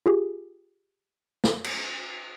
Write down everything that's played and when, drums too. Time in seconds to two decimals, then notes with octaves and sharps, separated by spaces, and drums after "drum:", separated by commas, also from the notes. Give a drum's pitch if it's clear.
0.06 F4 G4 G#4
1.44 drum: snare
1.64 drum: cymbal